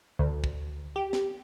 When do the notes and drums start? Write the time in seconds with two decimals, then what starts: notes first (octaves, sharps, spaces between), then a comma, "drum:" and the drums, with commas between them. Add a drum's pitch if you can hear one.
0.19 D2
0.44 drum: kick
0.96 G4
1.13 drum: snare